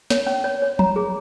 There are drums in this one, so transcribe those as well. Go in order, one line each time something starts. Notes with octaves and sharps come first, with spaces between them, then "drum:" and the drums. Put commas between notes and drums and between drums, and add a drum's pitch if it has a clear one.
C#5, drum: snare
C#4
C#5
C#5
A#5, drum: tom
G#4